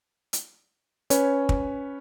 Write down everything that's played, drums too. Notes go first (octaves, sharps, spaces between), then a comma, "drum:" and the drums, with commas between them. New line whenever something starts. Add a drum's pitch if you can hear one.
drum: hi-hat
C#4 B4 C#5, drum: hi-hat
drum: kick